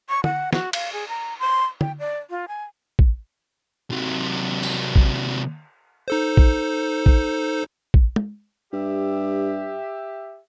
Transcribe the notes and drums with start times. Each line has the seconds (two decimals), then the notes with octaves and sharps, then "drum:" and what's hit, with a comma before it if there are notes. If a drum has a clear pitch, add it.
0.09 C#6
0.24 F#5, drum: tom
0.53 F#4, drum: snare
0.73 F5, drum: cymbal
0.93 G#4
1.09 A#5
1.39 C6
1.81 G5, drum: tom
1.99 D5
2.30 F4
2.48 G#5
2.99 drum: kick
3.91 C3 F#3
4.63 drum: cymbal
4.96 drum: kick
6.08 D#4 A4 C5
6.37 drum: kick
7.06 drum: kick
7.94 drum: kick
8.16 drum: tom
8.73 G2 G4 E5